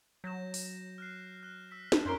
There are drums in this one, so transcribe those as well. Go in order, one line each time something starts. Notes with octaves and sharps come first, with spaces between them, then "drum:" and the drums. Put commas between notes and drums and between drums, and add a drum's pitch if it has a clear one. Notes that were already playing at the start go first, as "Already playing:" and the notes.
F#3 G6 A#6 E7
drum: open hi-hat
F6 F#6 C7
F#6 G7
E6 B6
drum: snare
F#2 C#4 A#4 C6 G6 B6 D7